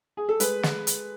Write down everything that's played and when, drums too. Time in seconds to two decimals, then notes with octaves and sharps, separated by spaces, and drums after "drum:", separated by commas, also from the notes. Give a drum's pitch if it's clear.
0.17 G#4
0.29 A4
0.40 G#3 B4, drum: hi-hat
0.63 drum: snare
0.87 drum: hi-hat